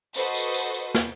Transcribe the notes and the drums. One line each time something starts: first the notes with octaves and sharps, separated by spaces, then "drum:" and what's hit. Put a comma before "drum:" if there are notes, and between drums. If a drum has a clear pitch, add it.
F#4 A4 B4 C5 D#5, drum: tambourine
drum: tambourine
drum: tambourine
drum: tambourine
drum: snare